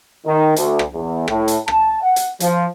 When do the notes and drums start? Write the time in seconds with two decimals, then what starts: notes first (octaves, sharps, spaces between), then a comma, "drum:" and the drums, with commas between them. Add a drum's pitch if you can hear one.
0.25 D#3
0.56 D2, drum: hi-hat
0.79 drum: rim click
0.93 E2
1.28 A2, drum: rim click
1.48 drum: hi-hat
1.68 A5, drum: rim click
2.01 F#5
2.16 drum: hi-hat
2.40 F3, drum: hi-hat